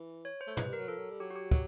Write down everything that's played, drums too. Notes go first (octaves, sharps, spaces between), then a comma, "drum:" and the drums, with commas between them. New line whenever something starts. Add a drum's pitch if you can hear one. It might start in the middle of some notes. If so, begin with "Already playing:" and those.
Already playing: E3
C#5
C5
A3
G#3 B4, drum: tom
G3 A#4
F#3
F3 A4
F#3
G3
F#3 G4
F#4
G4
F#3, drum: kick